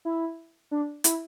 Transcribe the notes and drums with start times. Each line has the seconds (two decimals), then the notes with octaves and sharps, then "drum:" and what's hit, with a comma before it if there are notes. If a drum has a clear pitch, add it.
0.05 E4
0.71 D4
1.04 E4, drum: hi-hat